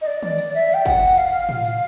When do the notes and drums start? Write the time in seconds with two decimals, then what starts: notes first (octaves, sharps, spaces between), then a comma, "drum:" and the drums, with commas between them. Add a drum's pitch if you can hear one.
0.01 D#5
0.07 D5
0.23 D5, drum: tom D#3
0.39 drum: tambourine
0.54 E5, drum: tambourine
0.74 G5
0.86 F#5, drum: kick, tambourine
1.02 drum: tambourine
1.17 F5, drum: tambourine
1.33 drum: tambourine
1.49 drum: tom A2
1.65 drum: tambourine